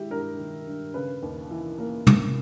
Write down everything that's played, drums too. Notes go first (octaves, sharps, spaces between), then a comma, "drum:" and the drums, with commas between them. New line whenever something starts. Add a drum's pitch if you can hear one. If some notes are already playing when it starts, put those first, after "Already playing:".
Already playing: D#3 G#3 E4 G4
G2 A#4
D#3
G2
C#3 B4
D#2
E3
A#3 A#4
C#3, drum: tom